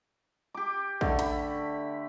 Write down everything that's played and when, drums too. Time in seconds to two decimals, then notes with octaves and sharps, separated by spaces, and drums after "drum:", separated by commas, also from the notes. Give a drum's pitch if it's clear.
0.54 G4 D6
1.01 D3 A3, drum: kick
1.19 B5, drum: hi-hat